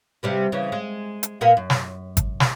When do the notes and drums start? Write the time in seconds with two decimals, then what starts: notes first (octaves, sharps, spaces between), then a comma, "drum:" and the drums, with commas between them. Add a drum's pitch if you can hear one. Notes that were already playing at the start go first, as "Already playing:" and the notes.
0.23 C3 G3 B3
0.52 C#3 E3
0.72 G#3
1.23 drum: hi-hat
1.41 A#2 A#3 B3
1.57 F#2
1.70 drum: snare
2.17 drum: kick G#1, hi-hat
2.40 drum: snare